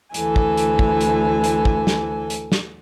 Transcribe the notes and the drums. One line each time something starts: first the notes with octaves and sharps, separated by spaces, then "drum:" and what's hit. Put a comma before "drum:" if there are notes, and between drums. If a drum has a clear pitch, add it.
D2 E3 A4 G#5, drum: hi-hat
drum: kick
drum: hi-hat
drum: kick
drum: hi-hat
drum: hi-hat
drum: kick
drum: snare
drum: hi-hat
drum: snare